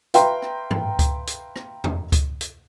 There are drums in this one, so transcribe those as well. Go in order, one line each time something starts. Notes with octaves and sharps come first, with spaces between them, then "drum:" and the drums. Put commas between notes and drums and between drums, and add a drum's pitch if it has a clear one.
B4 E5 F5 G5 A#5 C6, drum: hi-hat
drum: rim click
drum: tom G2
drum: kick C#2, hi-hat
drum: hi-hat
drum: rim click
drum: tom E2
drum: kick C#2, hi-hat
drum: hi-hat